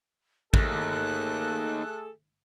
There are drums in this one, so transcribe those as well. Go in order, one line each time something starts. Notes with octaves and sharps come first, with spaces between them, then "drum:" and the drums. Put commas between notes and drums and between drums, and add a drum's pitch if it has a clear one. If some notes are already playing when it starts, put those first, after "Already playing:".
D#2 A3 G#4 A4 F#6, drum: kick